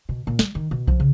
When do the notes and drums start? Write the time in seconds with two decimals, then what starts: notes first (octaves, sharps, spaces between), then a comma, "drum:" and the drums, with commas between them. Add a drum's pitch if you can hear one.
0.09 B2
0.27 A#2
0.39 G3, drum: snare
0.55 D#3
0.71 B2
0.87 F3, drum: kick B1
1.00 C#3